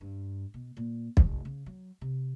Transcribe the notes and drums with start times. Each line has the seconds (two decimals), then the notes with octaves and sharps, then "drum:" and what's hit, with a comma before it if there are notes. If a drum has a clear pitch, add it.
0.01 G2
0.54 B2
0.77 A#2
1.17 F1, drum: kick
1.45 C#3
1.66 F#3
2.01 C3